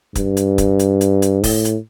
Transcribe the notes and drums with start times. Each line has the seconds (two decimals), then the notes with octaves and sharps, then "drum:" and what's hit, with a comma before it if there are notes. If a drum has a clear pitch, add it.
0.15 G2, drum: kick, hi-hat
0.37 drum: hi-hat
0.58 drum: kick, hi-hat
0.79 drum: hi-hat
1.01 drum: hi-hat
1.22 drum: hi-hat
1.44 A2, drum: kick, open hi-hat
1.65 drum: hi-hat